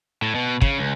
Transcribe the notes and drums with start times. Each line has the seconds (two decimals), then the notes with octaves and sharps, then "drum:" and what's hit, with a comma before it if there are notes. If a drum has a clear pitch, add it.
0.22 A2
0.35 B2
0.62 C#3, drum: kick
0.79 C#2